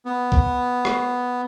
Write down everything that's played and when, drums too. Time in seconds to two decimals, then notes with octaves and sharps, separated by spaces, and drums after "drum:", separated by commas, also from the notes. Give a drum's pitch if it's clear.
0.05 B3
0.32 drum: kick B1
0.85 drum: rim click